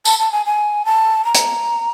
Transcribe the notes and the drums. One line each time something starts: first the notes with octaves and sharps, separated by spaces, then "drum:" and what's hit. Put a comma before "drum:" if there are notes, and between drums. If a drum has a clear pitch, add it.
A5, drum: tambourine
A5
G#5
G#5
A5
A#5
drum: hi-hat